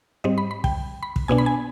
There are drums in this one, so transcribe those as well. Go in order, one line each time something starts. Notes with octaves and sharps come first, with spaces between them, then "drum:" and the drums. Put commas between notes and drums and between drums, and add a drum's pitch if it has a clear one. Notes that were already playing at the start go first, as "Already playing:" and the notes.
G#2 G3 C4 D#5
B5
B5
G5, drum: kick
B5
drum: kick
B2 B3 D4 G#5
B5
G#5